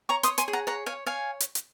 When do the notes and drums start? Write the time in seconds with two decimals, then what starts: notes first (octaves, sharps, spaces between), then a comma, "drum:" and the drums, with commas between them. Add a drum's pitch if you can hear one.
0.09 C#5 A#5 C#6
0.23 C6 D#6, drum: hi-hat
0.28 C#5
0.38 G#5 C6, drum: hi-hat
0.48 G#4
0.53 F#5 A#5
0.67 C#5 F#5 A#5
0.86 C#5 F5 G#5
1.06 C#5 F5 G#5
1.40 drum: hi-hat
1.55 drum: hi-hat